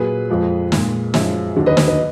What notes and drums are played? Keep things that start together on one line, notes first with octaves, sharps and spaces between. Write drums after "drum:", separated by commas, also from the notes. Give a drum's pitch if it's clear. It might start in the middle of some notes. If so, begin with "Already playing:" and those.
Already playing: A#2 F#3 G#4 B4
F2 F3 G#3
A#2 G#3, drum: snare
F#2 F3 G#3, drum: snare
D#2 D3 F#3
B4 D#5
B4 D#5, drum: snare
B4 D#5